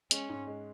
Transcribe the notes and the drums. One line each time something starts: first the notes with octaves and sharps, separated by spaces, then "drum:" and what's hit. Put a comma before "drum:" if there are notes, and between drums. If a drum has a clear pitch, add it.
G#3 C#4, drum: hi-hat
G#2
G#3